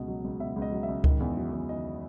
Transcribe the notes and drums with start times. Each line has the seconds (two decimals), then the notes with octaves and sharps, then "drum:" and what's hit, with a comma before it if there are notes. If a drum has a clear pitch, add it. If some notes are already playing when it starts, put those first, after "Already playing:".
Already playing: C#2 B2 D#5
0.08 F#3
0.24 C#2
0.40 B2 E5
0.56 C#2
0.62 D#5
0.72 F#3
0.83 E5
0.89 C#2
1.04 D#3, drum: kick C#2
1.20 E2
1.37 F#3
1.53 E2
1.69 D#3 D#5